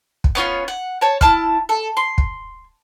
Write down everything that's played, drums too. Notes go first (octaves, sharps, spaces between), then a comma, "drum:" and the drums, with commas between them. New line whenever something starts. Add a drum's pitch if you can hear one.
drum: kick
B3 C#4 F4 C#5
F#5
C#5 A5
E4 A5 F6, drum: kick
A4
C6
drum: kick